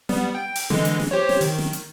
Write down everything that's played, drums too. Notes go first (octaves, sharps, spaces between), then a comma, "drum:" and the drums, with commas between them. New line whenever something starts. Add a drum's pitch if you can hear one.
G3 B3, drum: snare
G5
drum: open hi-hat
D3 E3 G#3, drum: snare
drum: hi-hat
drum: snare
G4 C5 C#5
drum: snare
D#3, drum: open hi-hat
drum: snare
drum: hi-hat